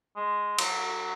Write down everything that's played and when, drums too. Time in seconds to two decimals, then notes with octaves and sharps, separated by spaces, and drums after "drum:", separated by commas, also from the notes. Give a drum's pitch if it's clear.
0.16 G#3
0.59 F#3, drum: cymbal